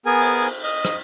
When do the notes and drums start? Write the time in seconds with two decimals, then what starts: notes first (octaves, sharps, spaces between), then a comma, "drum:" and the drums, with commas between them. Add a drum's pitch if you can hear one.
0.06 B3 G#4 A#4 G#5
0.21 drum: cymbal
0.42 drum: cymbal
0.63 D#5, drum: cymbal
0.85 drum: rim click